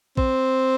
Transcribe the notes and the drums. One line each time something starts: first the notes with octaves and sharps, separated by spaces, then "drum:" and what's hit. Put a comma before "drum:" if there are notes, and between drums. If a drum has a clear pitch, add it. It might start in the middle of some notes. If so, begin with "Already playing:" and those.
C4, drum: kick A#1